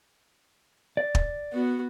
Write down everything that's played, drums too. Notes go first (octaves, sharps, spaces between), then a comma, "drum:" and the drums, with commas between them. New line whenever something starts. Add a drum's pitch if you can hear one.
D5
drum: kick
B3 F#4